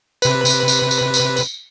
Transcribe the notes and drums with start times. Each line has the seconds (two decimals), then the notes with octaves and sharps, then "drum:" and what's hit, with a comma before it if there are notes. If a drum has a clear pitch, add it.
0.22 C3 B4, drum: tambourine
0.45 drum: tambourine
0.68 drum: tambourine
0.91 drum: tambourine
1.14 drum: tambourine
1.37 drum: tambourine